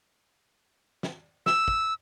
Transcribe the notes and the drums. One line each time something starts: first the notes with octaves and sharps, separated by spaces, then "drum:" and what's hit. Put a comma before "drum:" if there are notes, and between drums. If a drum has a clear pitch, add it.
drum: snare
E6, drum: snare
drum: kick